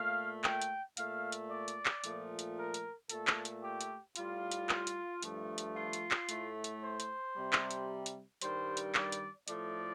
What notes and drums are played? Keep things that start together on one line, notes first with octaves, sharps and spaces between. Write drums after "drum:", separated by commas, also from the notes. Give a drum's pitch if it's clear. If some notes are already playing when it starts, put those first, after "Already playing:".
Already playing: A#2 A3 F5
G5, drum: clap
drum: hi-hat
A#2 A3 F5, drum: hi-hat
drum: hi-hat
D5
drum: hi-hat
drum: clap
A#2 F3 A3, drum: hi-hat
drum: hi-hat
A#4
drum: hi-hat
A#2 A3 A4, drum: hi-hat
drum: clap
drum: hi-hat
G4
drum: hi-hat
A2 G3 F4, drum: hi-hat
drum: hi-hat
drum: clap
drum: hi-hat
G2 F3 A3, drum: hi-hat
drum: hi-hat
F4
drum: hi-hat
drum: clap
A2 A3, drum: hi-hat
drum: hi-hat
C5
drum: hi-hat
C3 G3
drum: clap
drum: hi-hat
drum: hi-hat
G2 D#3 G3 C5, drum: hi-hat
drum: hi-hat
D5, drum: clap
drum: hi-hat
A2 F3 A3 D5, drum: hi-hat